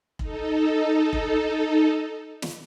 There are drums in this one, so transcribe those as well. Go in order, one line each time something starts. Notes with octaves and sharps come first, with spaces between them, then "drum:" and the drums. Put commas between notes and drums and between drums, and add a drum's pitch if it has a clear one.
D#4 A4, drum: kick
drum: kick
drum: snare